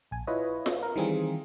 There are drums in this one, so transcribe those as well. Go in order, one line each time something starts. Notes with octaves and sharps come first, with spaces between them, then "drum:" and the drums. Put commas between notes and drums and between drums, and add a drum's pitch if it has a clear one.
A#1 G#5
E4 F4 B4 C#5 D#5
drum: snare F4
A#4
D#3 E3 G3 C4 F4 G#4